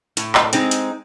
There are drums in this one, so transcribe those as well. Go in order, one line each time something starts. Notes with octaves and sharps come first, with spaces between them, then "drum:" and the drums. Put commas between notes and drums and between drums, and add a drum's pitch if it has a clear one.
A2, drum: hi-hat
drum: clap
G#3 C4 D#4, drum: hi-hat
drum: hi-hat